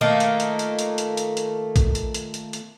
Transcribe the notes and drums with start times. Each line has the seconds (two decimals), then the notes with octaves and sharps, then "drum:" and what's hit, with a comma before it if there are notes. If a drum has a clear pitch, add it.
0.01 D#3 A3 A#3 F4
0.20 drum: hi-hat
0.40 drum: hi-hat
0.59 drum: hi-hat
0.79 drum: hi-hat
0.98 drum: hi-hat
1.17 drum: hi-hat
1.37 drum: hi-hat
1.76 drum: kick A1, hi-hat
1.95 drum: hi-hat
2.14 drum: hi-hat
2.34 drum: hi-hat
2.53 drum: hi-hat